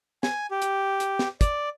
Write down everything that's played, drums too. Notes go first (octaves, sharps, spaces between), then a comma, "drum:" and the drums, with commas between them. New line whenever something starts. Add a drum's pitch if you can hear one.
G#5, drum: snare
G4
drum: hi-hat
drum: hi-hat
drum: snare
D5, drum: kick, hi-hat